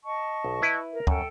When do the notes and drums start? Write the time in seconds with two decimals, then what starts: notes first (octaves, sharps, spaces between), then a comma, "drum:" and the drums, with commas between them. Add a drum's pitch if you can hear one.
0.04 D#5 A5 C#6
0.44 B1
0.62 E4 B4
0.91 A#4
1.07 F#2 A4 G5, drum: kick